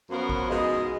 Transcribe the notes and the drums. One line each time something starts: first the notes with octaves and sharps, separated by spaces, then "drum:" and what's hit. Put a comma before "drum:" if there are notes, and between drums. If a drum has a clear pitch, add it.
F#2 F3 B3 F#4 A#4
drum: kick A1
B2 G#3 D#4 G#4 D#5